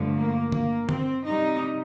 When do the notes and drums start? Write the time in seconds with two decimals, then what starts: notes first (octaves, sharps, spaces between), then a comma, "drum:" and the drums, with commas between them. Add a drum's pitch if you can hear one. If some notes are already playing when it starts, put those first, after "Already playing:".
Already playing: G2 D3 F3 A3
0.16 A#3
0.52 A#3, drum: tom
0.89 C4, drum: tom
1.26 C3 G3 D#4